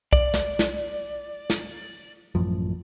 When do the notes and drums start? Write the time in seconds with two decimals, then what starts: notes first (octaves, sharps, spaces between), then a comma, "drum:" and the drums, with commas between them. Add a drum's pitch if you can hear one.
0.13 D5, drum: kick
0.34 drum: snare
0.59 drum: snare
1.50 drum: snare
2.35 A1 F#2 F3